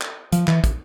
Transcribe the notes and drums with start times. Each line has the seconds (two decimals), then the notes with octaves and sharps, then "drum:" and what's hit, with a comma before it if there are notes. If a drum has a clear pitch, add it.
0.02 drum: clap
0.32 F3, drum: hi-hat
0.48 E3, drum: clap
0.64 drum: kick, hi-hat